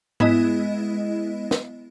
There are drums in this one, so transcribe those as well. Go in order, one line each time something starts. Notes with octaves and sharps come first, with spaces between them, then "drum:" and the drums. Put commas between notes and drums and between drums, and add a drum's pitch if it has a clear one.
G#3 B3 E4 D#5, drum: tom G#2
drum: snare